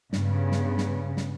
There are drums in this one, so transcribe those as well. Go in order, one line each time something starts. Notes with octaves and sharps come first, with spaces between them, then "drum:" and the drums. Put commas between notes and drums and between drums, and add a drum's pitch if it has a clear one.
G2 C#3 B3, drum: snare
drum: snare
drum: snare
drum: snare